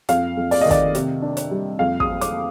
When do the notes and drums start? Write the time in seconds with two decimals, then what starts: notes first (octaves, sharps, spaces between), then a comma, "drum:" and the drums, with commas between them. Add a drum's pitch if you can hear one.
0.09 F2 F5, drum: hi-hat
0.37 F2
0.51 D5, drum: open hi-hat
0.61 D#3 D#5
0.71 D5, drum: kick, hi-hat
0.95 C3, drum: hi-hat
1.22 D4
1.37 drum: hi-hat
1.51 G3
1.79 F2 F5
2.00 D#6, drum: kick
2.08 C4
2.21 D6, drum: hi-hat